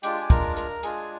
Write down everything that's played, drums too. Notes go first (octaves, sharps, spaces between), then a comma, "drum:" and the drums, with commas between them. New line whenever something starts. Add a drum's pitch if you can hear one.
G#3 D4 F4 G4 G5, drum: hi-hat
G#5
A#4 A#5, drum: kick, hi-hat
A#4 A#5, drum: hi-hat
G#3 D4 F4 G#4 G#5, drum: hi-hat